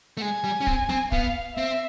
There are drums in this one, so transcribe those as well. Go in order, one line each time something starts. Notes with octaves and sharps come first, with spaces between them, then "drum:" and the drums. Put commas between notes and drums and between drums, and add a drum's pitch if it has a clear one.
A3
G#3 G#5
G3
C#4
C4, drum: kick
C4, drum: snare
B3 F5, drum: kick
C4 E5